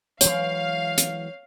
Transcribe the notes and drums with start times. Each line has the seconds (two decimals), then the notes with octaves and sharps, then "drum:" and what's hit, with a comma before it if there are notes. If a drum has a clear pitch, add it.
0.21 E3 F#3 G#3 C#5 F5, drum: hi-hat
0.98 drum: hi-hat